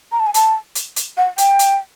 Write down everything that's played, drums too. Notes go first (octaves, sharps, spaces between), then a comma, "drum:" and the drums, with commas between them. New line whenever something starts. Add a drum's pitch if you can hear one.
A#5
A5
G#5
A5, drum: hi-hat
drum: hi-hat
drum: hi-hat
F#5
G5, drum: hi-hat
drum: hi-hat